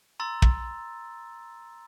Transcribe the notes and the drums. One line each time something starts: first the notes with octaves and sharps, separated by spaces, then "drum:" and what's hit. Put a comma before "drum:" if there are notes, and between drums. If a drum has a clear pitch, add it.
A#5 C6 E6 A6
drum: kick